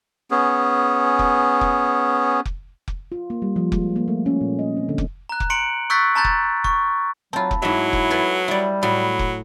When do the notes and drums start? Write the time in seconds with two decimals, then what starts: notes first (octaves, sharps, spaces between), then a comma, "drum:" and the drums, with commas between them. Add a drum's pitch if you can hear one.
0.31 B3 C#4 G#4
1.19 drum: kick F1
1.61 drum: kick F1
2.45 drum: kick F1
2.88 drum: kick F1
3.12 F4
3.30 A#3
3.42 G3
3.56 F3
3.72 G#3, drum: kick F1
3.96 A#3
4.08 A3
4.26 C#4
4.41 A#2
4.59 D#5
4.77 C4
4.89 D3
4.98 drum: kick F1
5.29 A#5 F#6
5.40 drum: kick F1
5.50 A#5 C6 C#7 D7 F#7
5.90 C#6 E6 F#6 G6 A6 B6
6.15 A5 A#5 C6 G6 A6
6.25 drum: kick F1
6.64 C#6, drum: kick F1
7.33 F#3 C4 F4 A5 B5
7.51 drum: kick F1
7.62 G#2 F#3 E4 D#5 E5
7.93 drum: kick F1
8.10 A4 B4 G#5
8.48 G3 E4 D5
8.83 A2 F#3 B5
9.19 drum: kick F1